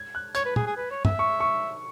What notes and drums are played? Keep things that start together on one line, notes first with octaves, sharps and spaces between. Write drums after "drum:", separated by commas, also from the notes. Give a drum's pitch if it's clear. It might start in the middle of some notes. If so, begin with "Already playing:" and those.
Already playing: G#6
F#6
C#5 G#6, drum: hi-hat
B4
G#4, drum: tom
G#4
B4
C#5
E5, drum: tom
C#6
C#6